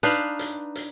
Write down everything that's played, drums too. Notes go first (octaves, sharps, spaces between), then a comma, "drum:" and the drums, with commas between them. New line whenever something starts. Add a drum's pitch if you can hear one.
D4 D#4 B4 F5, drum: hi-hat
drum: hi-hat
drum: hi-hat